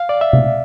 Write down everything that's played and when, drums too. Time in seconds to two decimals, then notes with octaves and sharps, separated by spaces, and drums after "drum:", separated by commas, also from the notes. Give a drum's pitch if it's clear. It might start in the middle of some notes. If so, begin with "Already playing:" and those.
Already playing: F5
0.09 D5
0.21 E5
0.33 drum: tom C3